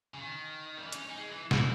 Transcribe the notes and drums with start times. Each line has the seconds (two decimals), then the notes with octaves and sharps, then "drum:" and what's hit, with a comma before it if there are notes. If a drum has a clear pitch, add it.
0.14 C#3
0.19 D#3
0.77 G3
0.85 E3
0.92 C#4, drum: hi-hat
1.09 D#4
1.18 G#3
1.28 E3
1.51 E4, drum: snare